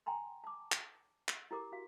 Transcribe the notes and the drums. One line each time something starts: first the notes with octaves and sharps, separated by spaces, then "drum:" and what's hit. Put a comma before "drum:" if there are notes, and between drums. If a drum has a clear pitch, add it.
G5 G#5 A#5 C6
A5 D6
drum: clap
drum: clap
E4 G4 A#4 D6
F#4 F5